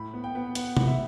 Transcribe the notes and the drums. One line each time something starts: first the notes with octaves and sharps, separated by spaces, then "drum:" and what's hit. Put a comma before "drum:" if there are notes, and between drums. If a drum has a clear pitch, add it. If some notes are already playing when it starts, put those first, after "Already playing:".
Already playing: A2 B5
B3
G5
B3
B3 F#5, drum: hi-hat
B3, drum: tom C3
E5